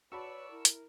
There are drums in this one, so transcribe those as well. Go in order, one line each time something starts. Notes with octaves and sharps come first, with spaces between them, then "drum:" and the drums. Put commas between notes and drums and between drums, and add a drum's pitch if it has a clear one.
F#4 B4 C#5 D5 A5 B5 C#6 E6
E4 A#4
drum: hi-hat